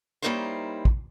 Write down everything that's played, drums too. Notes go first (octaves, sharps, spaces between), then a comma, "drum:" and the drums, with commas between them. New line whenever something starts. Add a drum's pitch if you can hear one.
G3 A#3 C#4 D#4 E4 C5
drum: kick